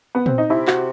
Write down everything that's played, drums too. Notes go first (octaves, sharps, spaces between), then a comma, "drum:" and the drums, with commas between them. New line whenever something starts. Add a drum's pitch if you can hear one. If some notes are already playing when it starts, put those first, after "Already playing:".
B3
C4, drum: tom A#2
D#4
C3 E4
F#4, drum: clap